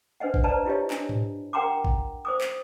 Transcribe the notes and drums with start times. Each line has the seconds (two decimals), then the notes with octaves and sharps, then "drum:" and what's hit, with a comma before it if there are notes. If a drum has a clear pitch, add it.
0.20 D4 B4 C5 D#5 F#5
0.34 drum: kick
0.44 B4 C5 D5 D#5 A5 A#5
0.65 E4 F4 G4 C#5 D#5
0.90 D4, drum: clap
1.09 drum: tom G#2
1.53 A#4 F#5 G5 A#5 C6 D6
1.85 drum: kick
2.25 C5 D6 D#6
2.41 drum: clap